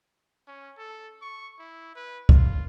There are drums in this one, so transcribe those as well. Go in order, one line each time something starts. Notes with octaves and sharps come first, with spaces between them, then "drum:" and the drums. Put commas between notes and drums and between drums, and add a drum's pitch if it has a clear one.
C#4
A4
C#6
E4
B4
F4, drum: kick